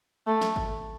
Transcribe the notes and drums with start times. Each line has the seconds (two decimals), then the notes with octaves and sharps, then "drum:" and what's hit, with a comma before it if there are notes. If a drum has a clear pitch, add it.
0.27 A3
0.41 drum: snare
0.56 drum: kick G#1